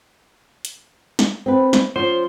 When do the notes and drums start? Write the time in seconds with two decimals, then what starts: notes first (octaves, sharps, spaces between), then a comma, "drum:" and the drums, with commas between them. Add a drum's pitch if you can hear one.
0.65 drum: hi-hat
1.19 drum: snare
1.46 C4 B4
1.73 drum: snare
1.96 F3 C#4 C5